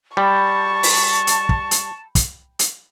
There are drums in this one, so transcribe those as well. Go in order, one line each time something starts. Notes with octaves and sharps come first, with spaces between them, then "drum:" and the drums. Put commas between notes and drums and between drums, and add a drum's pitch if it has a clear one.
G3 G5 A5 B5 C#6
drum: open hi-hat
drum: hi-hat
drum: kick
drum: hi-hat
drum: kick, hi-hat
drum: hi-hat